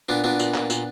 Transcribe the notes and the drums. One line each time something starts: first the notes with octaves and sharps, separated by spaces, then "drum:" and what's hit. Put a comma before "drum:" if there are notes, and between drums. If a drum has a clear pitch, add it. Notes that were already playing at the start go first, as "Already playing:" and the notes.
A#2 B3 D4
A#2 B3 D4
A#2, drum: tambourine
A#2, drum: clap
A#2, drum: tambourine